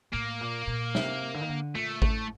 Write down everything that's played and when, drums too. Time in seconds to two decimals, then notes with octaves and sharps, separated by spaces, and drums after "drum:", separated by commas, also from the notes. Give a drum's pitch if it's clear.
0.13 A2 A#3
0.41 A#2
0.67 A#2
0.95 C3, drum: snare
1.34 D3
1.41 D#3
1.49 D3
1.75 A#2 A3
2.02 A2 A3, drum: kick G#1